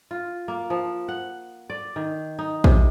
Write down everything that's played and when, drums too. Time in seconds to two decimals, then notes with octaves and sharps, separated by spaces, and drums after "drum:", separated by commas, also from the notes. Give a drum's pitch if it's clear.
0.11 F4
0.48 A#3
0.70 F3
1.08 F#5
1.70 D5
1.96 D#3
2.39 D#4
2.64 C3, drum: kick A#1